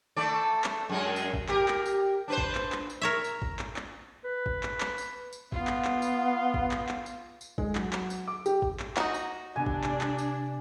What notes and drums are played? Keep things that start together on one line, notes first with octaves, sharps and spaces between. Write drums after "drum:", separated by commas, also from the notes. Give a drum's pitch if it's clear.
A3 A4 D5
drum: clap
F#2 G#3 A#4
drum: tambourine
drum: kick
G4 A#4, drum: clap
drum: clap
drum: tambourine
D4 B4 C5
drum: kick
drum: clap
drum: clap
drum: tambourine
A#4 C#5 E5
drum: tambourine
drum: kick
drum: clap
drum: clap
B4
drum: kick
drum: clap
drum: clap
drum: tambourine
drum: tambourine
B3 F4, drum: kick
drum: clap
drum: clap
drum: tambourine
drum: kick
drum: clap
drum: clap
drum: tambourine
drum: tambourine
G#3, drum: kick
F#3, drum: clap
drum: clap
drum: tambourine
D6
G4, drum: tambourine
drum: kick
drum: clap
D#4 F#4, drum: clap
drum: tambourine
C3 B3 D4 G#5
drum: kick
drum: clap
drum: clap
drum: tambourine